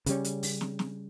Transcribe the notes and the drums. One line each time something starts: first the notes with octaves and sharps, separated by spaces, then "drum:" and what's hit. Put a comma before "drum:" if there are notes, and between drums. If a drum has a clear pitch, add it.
C#3 G3 C#4, drum: hi-hat
drum: hi-hat
drum: open hi-hat
drum: snare
drum: snare